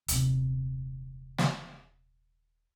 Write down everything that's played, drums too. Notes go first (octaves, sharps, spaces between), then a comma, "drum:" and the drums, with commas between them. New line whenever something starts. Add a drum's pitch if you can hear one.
D#1 C3, drum: hi-hat
drum: snare